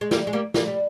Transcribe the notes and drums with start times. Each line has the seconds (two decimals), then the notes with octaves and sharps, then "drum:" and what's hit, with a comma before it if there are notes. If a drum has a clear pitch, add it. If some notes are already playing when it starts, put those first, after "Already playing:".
0.01 G#3
0.11 G3 A#3, drum: snare
0.27 G#3
0.33 G3 A#3
0.54 G3 A#3, drum: snare
0.67 G3